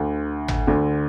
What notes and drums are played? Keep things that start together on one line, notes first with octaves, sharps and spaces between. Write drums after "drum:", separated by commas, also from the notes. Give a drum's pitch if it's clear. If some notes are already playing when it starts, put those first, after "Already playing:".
Already playing: D2 D3
drum: tom G#1
D2 D3